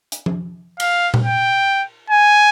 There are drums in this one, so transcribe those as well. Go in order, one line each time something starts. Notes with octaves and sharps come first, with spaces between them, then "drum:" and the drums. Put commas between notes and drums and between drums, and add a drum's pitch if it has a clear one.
drum: hi-hat
drum: tom F3
F5, drum: cymbal
drum: tom A#2
G5
G#5